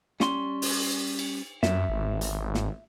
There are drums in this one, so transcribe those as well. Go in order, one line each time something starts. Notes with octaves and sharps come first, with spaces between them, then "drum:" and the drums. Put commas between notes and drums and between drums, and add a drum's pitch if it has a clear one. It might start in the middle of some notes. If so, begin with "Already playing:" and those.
G3 C#4 C6, drum: snare
drum: open hi-hat
drum: cymbal
F#2 E5, drum: snare
G#1
drum: hi-hat
drum: snare